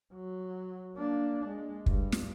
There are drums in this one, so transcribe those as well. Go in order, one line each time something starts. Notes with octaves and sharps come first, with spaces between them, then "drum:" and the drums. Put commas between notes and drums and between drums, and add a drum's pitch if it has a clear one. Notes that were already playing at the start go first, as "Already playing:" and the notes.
F#3
A#3 D4
G#3
G2, drum: kick
drum: snare